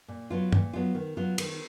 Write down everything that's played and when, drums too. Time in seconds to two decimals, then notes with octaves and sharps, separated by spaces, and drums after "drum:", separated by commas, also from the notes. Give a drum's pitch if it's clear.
0.08 A#2
0.30 F#3 B3 F4
0.52 A#2, drum: tom
0.73 F#3 B3 F4
0.95 D#3
1.17 F#3 B3 F4
1.38 D#3, drum: cymbal